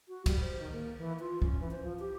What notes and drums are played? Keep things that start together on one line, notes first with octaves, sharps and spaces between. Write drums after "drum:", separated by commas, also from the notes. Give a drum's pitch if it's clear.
F#4
G3, drum: kick, cymbal
C5
D#3
A#3
E3
F4
C#4, drum: kick
E3
C5
F3
G4